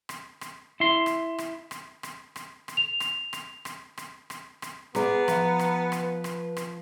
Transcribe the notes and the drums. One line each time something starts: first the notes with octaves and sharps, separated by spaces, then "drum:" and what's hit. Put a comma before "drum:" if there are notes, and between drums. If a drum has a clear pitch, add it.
drum: rim click
drum: rim click
E4 C6
drum: rim click
drum: rim click
drum: rim click
drum: rim click
drum: rim click
drum: rim click
F7
drum: rim click
drum: rim click
drum: rim click
drum: rim click
drum: rim click
drum: rim click
B3 G#4 D5 A#5, drum: rim click
F3, drum: rim click
drum: rim click
drum: rim click
B4
drum: rim click
drum: rim click